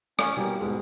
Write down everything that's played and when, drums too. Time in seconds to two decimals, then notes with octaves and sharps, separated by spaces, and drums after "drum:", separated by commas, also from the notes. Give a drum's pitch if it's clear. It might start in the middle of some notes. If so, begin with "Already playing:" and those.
0.19 C#4, drum: rim click
0.37 B2 G3 A#3
0.61 G#2 B2 G#3